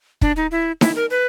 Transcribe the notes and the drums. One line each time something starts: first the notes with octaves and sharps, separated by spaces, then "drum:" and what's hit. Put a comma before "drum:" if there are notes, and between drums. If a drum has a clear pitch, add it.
D4, drum: kick
D#4
E4
E4, drum: snare D#4
A#4
B4